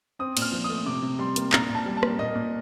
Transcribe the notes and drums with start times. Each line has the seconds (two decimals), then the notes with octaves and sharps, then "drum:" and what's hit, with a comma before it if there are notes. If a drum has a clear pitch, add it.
0.19 C4 D#6
0.37 A#2, drum: cymbal
0.42 F6
0.52 F3
0.64 D#6
0.69 A3
0.86 C3 D6
1.02 C3
1.19 G3 C6
1.36 A#3, drum: hi-hat
1.53 A#2 A#5, drum: clap
1.69 A#2
1.75 A5
1.86 G3
1.97 A5
2.03 A#3, drum: rim click
2.19 A#2 D#5
2.35 A#2